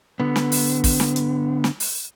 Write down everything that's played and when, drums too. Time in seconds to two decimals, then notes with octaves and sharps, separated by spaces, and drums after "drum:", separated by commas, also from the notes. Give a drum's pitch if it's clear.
0.20 D3 B3
0.36 drum: snare
0.52 drum: open hi-hat
0.84 drum: kick, open hi-hat
1.00 drum: snare
1.16 drum: hi-hat
1.64 drum: snare
1.80 drum: open hi-hat